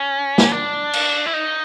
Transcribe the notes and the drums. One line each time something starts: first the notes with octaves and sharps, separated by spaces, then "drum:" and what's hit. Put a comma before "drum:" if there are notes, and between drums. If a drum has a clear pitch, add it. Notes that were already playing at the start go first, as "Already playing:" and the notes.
Already playing: C#4
drum: snare
D4
drum: cymbal
E4
D#4